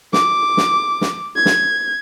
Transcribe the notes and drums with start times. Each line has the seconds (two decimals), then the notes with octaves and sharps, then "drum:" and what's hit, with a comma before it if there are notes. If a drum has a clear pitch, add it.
0.13 D6, drum: snare
0.57 drum: snare
1.01 drum: snare
1.36 G#6
1.46 drum: snare